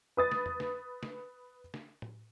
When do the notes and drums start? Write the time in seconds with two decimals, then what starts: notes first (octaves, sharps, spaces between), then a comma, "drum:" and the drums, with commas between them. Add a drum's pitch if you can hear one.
0.17 B4 D#6 A6
0.32 drum: snare
0.46 drum: tom E2
0.60 drum: snare
1.03 drum: snare
1.74 drum: snare
2.02 drum: tom A2